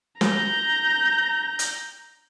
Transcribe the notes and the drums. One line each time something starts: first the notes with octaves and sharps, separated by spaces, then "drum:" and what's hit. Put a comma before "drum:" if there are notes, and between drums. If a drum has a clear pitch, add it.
A#5 G6, drum: snare
drum: hi-hat